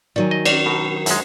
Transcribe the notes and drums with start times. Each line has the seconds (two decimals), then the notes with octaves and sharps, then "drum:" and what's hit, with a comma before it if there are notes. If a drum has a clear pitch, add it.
0.16 D#3 F#3 D5 G#5
0.31 D#5
0.45 C#4 D5, drum: cymbal
0.66 B2 A#4
1.06 F#2 G#3, drum: hi-hat